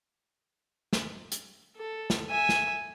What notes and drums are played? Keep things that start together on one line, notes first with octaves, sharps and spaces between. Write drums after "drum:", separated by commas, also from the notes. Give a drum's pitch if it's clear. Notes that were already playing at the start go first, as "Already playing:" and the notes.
drum: snare
drum: hi-hat
A4
drum: snare
E5 G#5
drum: snare